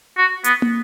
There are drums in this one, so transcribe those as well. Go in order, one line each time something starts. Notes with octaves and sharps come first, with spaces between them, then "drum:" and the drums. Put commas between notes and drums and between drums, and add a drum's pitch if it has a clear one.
F#4
B3, drum: hi-hat
drum: tom